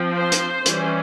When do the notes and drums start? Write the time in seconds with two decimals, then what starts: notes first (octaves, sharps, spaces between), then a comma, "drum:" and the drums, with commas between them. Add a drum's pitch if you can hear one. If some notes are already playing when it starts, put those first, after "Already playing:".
Already playing: F3 C4
0.15 C5
0.32 drum: hi-hat
0.66 E3 G3 C#4, drum: hi-hat